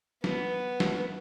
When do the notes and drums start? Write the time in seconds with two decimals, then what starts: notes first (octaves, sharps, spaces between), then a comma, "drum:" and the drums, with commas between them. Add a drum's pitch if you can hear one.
0.24 B3, drum: snare
0.80 drum: snare